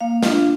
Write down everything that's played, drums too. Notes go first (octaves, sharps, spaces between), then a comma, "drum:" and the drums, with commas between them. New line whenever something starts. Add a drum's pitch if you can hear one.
A#3 F5
D4 F4 F5, drum: snare